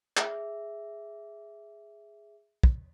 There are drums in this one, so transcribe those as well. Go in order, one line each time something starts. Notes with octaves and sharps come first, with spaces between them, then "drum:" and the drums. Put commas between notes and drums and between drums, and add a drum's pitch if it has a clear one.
G#4 E5, drum: clap
drum: kick